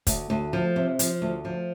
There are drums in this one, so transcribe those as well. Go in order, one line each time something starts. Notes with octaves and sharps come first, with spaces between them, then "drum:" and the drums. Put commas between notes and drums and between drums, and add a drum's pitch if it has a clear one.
D2, drum: kick, hi-hat
D2
F3
C3
F3, drum: hi-hat
D2
F3